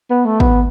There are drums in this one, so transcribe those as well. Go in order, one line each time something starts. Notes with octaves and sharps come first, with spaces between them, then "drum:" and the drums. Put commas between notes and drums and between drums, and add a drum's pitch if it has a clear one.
B3
A3
B3, drum: kick G#1